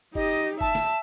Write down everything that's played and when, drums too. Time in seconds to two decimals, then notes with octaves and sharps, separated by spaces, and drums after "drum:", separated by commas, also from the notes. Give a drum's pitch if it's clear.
0.15 D#4 G4 D#5, drum: kick F#1
0.61 E5 A5, drum: kick F#1
0.75 drum: snare